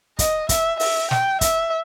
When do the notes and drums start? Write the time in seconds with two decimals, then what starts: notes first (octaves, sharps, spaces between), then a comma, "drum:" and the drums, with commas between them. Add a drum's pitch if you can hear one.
0.19 D#5, drum: kick, hi-hat
0.49 E5, drum: kick, hi-hat
0.80 E5, drum: open hi-hat
1.11 G5, drum: snare
1.41 E5, drum: kick, hi-hat